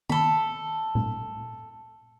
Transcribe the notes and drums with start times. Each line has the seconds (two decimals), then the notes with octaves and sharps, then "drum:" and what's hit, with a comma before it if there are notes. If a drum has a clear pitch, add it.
0.09 A4 B5, drum: tom D#3
0.95 drum: tom A#2